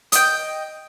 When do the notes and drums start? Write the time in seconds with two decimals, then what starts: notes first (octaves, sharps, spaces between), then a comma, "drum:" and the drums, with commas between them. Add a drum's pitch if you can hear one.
0.12 D#5 G5, drum: hi-hat